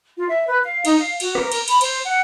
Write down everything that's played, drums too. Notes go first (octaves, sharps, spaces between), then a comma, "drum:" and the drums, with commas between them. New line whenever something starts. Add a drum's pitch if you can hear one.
F4
E5
B4
F5
D#4, drum: cymbal
F5
F#4, drum: cymbal
A#4, drum: rim click
drum: cymbal
B5, drum: cymbal
C5, drum: cymbal
F#5